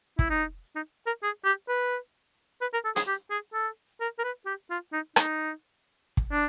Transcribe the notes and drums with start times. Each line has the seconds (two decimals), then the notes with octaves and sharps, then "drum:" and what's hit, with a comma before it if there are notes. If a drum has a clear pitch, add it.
0.19 E4, drum: kick
0.30 D#4
0.76 D#4
1.07 A#4
1.23 G#4
1.45 G4
1.68 B4
2.61 B4
2.73 A#4
2.85 A4
2.96 G#4, drum: hi-hat
3.07 G4
3.31 G#4
3.54 A4
4.01 A#4
4.19 A#4
4.24 B4
4.46 G4
4.70 F4
4.93 D#4
5.16 D#4, drum: rim click
6.17 drum: kick
6.32 D4